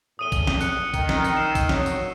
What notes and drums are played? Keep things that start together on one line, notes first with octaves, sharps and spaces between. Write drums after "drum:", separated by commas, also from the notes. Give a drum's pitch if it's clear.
E2 A2 D#6 D#7 G7
drum: kick, tambourine
drum: snare
F#6 C#7, drum: tambourine
D#3, drum: kick, tambourine
drum: snare
drum: tambourine
E6 C7 E7
drum: kick, tambourine
F#3, drum: snare
drum: tambourine